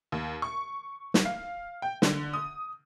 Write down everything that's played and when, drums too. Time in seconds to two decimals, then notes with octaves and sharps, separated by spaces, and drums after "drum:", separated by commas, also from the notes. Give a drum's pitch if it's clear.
0.12 D#2
0.42 C#6
1.14 drum: snare
1.25 F5
1.82 G5
2.02 D3, drum: snare
2.33 D#6